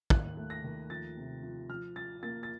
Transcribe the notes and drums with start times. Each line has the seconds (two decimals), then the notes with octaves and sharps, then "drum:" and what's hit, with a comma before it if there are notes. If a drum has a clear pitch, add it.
0.10 D#2 F#6, drum: kick
0.37 A3
0.50 A#6
0.64 D#2
0.90 F3 A6
1.17 C3
1.43 F3
1.69 F3 F6
1.96 F3 A6
2.23 A#3 A6
2.43 A6